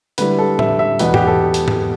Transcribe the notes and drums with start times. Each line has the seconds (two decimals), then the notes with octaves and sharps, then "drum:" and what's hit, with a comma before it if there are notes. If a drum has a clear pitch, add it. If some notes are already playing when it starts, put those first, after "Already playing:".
0.18 D3 G3 E4 B4, drum: hi-hat
0.39 A4
0.59 E5, drum: tom A2
0.79 E5
0.99 E2 B2 B3 B4, drum: hi-hat
1.14 G4, drum: tom G#2
1.27 A4
1.54 drum: hi-hat
1.68 drum: tom G#2